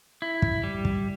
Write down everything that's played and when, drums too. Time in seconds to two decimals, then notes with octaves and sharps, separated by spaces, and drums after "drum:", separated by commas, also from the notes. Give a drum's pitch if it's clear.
0.22 E4
0.42 drum: kick
0.64 G3
0.85 drum: kick